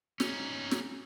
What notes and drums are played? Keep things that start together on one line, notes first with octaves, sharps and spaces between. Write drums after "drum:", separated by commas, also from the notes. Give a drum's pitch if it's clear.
C#4 D#4, drum: snare
drum: snare